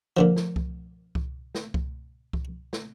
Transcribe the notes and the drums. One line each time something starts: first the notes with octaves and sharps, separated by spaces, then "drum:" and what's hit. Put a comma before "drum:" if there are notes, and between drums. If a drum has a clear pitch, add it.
A#2 D3 F3
drum: snare
drum: kick C2
drum: kick C2
drum: snare
drum: kick C2
drum: kick C2
drum: snare